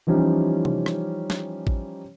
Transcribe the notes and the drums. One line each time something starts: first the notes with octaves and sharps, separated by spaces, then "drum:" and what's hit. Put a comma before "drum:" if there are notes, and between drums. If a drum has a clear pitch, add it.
E3 F3 G3 C#4 D#4 G4
drum: tom C3
drum: rim click
drum: snare
drum: kick A1